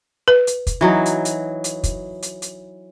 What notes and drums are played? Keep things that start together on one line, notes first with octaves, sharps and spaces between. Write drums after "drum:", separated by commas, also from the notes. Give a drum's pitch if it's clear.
B4
drum: hi-hat
drum: kick, hi-hat
E3 F#3 D#4
drum: hi-hat
drum: hi-hat
drum: hi-hat
drum: kick, hi-hat
drum: hi-hat
drum: hi-hat